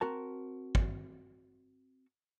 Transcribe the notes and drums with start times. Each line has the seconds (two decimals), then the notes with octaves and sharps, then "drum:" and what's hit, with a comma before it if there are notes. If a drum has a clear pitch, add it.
0.01 C4 F#4 A#4 A5
0.75 drum: kick